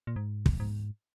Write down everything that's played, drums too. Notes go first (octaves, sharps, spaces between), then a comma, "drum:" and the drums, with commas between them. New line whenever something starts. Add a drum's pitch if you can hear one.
A#2
G#2
drum: kick
G#2